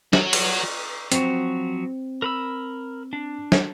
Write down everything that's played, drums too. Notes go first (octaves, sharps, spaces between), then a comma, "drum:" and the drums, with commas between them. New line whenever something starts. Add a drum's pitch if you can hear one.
F#4 C#5, drum: snare
drum: cymbal
F3 F#3 C4 F#4, drum: hi-hat
A#4 B5 E6
D4
drum: snare